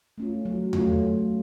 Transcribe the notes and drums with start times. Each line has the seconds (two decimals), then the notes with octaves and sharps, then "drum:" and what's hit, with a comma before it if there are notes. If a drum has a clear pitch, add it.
0.18 A3 C#4 F4
0.45 F#3
0.73 A3 C#4 F4, drum: tom E2
1.01 F#3